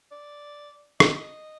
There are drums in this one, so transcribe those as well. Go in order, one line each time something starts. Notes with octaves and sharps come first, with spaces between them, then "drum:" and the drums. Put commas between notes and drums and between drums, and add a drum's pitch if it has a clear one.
D5
D#5, drum: rim click